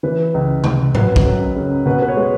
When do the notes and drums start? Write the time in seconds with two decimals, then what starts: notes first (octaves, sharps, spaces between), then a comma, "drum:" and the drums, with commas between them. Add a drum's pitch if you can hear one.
0.03 E3 B4
0.34 C#2
0.64 C#2, drum: tom C3
0.95 F#3 B4, drum: tom G#2
1.16 drum: kick
1.26 F#2
1.56 C#3
1.86 B2 B4
2.02 B4
2.08 C#5
2.17 G#3